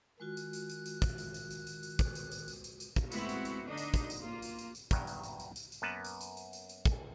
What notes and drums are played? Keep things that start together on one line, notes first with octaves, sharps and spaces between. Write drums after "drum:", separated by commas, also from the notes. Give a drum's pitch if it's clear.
D#3 G#3 F4 F#4 F#6
drum: tambourine
drum: tambourine
drum: tambourine
drum: tambourine
drum: kick, tambourine
drum: tambourine
drum: tambourine
drum: tambourine
drum: tambourine
drum: tambourine
drum: kick, tambourine
drum: tambourine
drum: tambourine
drum: tambourine
drum: tambourine
drum: tambourine
drum: kick, tambourine
G#3 A3 B3 C4 E4 F#4, drum: tambourine
drum: tambourine
drum: tambourine
D3 D4 D#4 D#5
drum: tambourine
drum: kick, tambourine
drum: tambourine
A#3 F4
drum: tambourine
drum: tambourine
drum: tambourine
E2 G2 D#3 F#3, drum: kick, tambourine
drum: tambourine
drum: tambourine
drum: tambourine
drum: tambourine
drum: tambourine
F#2 A#3 B3 B4 A5
drum: tambourine
drum: tambourine
drum: tambourine
drum: tambourine
drum: tambourine
drum: kick, tambourine